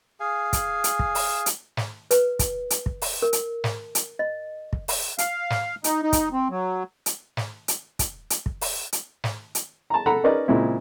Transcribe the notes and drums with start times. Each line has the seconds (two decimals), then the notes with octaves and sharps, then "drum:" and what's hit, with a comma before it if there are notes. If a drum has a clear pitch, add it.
0.20 G#4 F5 G#5
0.53 drum: kick, hi-hat
0.84 drum: hi-hat
0.99 drum: kick
1.15 drum: open hi-hat
1.46 drum: hi-hat
1.77 drum: snare
2.11 B4, drum: hi-hat
2.39 drum: kick, hi-hat
2.70 drum: hi-hat
2.86 drum: kick
3.02 drum: open hi-hat
3.22 A#4
3.33 drum: hi-hat
3.64 drum: snare
3.95 drum: hi-hat
4.19 D#5
4.73 drum: kick
4.88 drum: open hi-hat
5.18 F5, drum: hi-hat
5.50 drum: snare
5.84 D#4, drum: hi-hat
6.03 D#4
6.13 drum: kick, hi-hat
6.33 C4
6.50 F#3
7.06 drum: hi-hat
7.37 drum: snare
7.68 drum: hi-hat
7.99 drum: kick, hi-hat
8.30 drum: hi-hat
8.46 drum: kick
8.61 drum: open hi-hat
8.93 drum: hi-hat
9.24 drum: snare
9.55 drum: hi-hat
9.90 A5 A#5
10.06 A4 F#5 A#5 B5
10.24 C#4 D#4 A#4 B4 D5 D#5
10.48 A#2 C#3 G#3 C4 E4